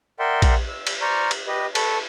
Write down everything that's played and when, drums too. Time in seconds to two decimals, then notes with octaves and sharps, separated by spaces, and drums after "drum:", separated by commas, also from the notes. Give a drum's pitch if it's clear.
0.19 A#4 D5 E5 F#5 G5 C6
0.42 drum: kick A#1, cymbal
0.68 E6
0.87 drum: cymbal
1.01 C5 D5 A#5 C#6 F6
1.31 drum: cymbal
1.48 G4 B4 D#5
1.75 A4 B4 A5 C#6, drum: cymbal